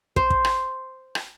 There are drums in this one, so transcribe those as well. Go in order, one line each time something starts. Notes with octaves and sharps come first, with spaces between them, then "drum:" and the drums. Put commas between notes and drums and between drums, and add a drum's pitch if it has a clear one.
C5, drum: kick
drum: kick
drum: rim click
drum: rim click